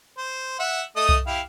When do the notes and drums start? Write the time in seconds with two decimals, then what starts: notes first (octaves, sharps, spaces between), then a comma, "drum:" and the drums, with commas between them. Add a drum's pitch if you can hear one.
0.18 C5
0.60 E5 F#5
0.96 A3 D#5 D#6
1.09 drum: kick C2
1.27 E4 G4 F5